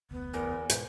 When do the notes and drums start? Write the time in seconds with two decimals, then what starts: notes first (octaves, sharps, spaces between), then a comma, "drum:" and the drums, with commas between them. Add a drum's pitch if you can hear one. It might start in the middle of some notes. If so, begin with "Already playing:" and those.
0.11 F1 D2 B3
0.33 E2 A#4
0.70 G#2 B2 G#3 B4 C5, drum: hi-hat